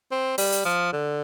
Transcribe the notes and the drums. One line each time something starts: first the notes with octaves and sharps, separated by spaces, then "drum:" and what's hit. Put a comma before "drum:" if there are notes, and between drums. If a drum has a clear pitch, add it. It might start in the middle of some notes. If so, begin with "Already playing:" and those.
C4
G3, drum: open hi-hat
drum: hi-hat
F3
D3